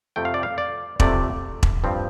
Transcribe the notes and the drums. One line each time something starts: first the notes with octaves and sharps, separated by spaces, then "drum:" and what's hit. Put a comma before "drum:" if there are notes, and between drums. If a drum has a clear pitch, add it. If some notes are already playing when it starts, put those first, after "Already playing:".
F2 C3 A3 G5
F5
D5
F5
D5
F2 C3 A3 D5, drum: kick E1
drum: kick E1
G2 F3 C4